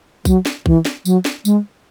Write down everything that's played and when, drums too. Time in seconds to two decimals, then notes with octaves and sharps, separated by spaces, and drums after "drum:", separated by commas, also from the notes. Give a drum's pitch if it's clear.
0.25 F#3, drum: kick B1, tambourine
0.46 drum: snare
0.66 E3, drum: kick B1
0.85 drum: snare
1.05 F#3, drum: tambourine
1.25 drum: snare
1.45 G#3, drum: tambourine